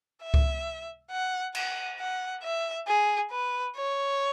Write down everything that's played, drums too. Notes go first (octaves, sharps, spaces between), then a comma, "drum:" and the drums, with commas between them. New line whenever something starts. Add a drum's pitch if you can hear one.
E5
drum: kick C#2
F#5
F#5, drum: cymbal
F#5
E5
G#4
B4
C#5